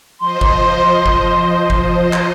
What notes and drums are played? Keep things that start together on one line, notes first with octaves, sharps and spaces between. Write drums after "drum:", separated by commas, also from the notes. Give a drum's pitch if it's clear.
F3 C5 D#5 C6
drum: kick G1
drum: kick G1
drum: kick G1
drum: clap